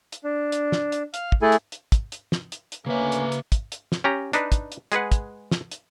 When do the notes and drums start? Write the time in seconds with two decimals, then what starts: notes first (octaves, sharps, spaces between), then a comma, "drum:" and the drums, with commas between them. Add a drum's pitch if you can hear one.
0.12 drum: hi-hat
0.24 D4
0.52 drum: hi-hat
0.72 drum: snare
0.92 drum: hi-hat
1.14 F5, drum: hi-hat
1.32 drum: kick
1.42 A3 E4 G#4 A4 G#5
1.52 drum: hi-hat
1.72 drum: hi-hat
1.92 drum: kick, hi-hat
2.12 drum: hi-hat
2.32 drum: snare
2.52 drum: hi-hat
2.72 drum: hi-hat
2.86 D2 C#3 A#3 C#4 B4 E5
3.12 drum: hi-hat
3.32 drum: hi-hat
3.52 drum: kick, hi-hat
3.72 drum: hi-hat
3.92 drum: snare
4.04 C#4 G4 A#5
4.33 D4 D#4 B4, drum: hi-hat
4.52 drum: kick, hi-hat
4.72 drum: hi-hat
4.92 G#3 G#4 B4 F#5, drum: hi-hat
5.12 drum: kick, hi-hat
5.52 drum: snare
5.71 drum: hi-hat